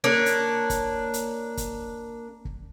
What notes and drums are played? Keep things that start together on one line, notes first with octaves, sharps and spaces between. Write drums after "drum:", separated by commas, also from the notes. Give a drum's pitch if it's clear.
A#3 D4 C#5
drum: hi-hat
drum: kick, hi-hat
drum: hi-hat
drum: kick, hi-hat
drum: kick